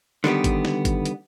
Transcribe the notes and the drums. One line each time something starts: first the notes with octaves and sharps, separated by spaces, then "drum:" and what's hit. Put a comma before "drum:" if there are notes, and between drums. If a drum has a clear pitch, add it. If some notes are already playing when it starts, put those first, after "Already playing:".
D3 D#3 G3 B3, drum: snare
drum: kick G#1, hi-hat
drum: snare
drum: kick G#1, hi-hat
drum: hi-hat